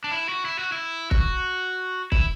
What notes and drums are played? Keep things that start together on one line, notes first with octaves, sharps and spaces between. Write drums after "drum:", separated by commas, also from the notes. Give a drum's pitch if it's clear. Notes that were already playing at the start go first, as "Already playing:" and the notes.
D4
E4
F#4
E4
F#4
E4
F#4, drum: kick
E4, drum: kick